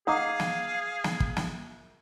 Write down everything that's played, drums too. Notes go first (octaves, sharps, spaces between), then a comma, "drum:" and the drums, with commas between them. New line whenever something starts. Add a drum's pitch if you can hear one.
D#4 G#4 F5 F#5 A#5 D6 D#6
drum: snare
drum: snare
drum: kick
drum: snare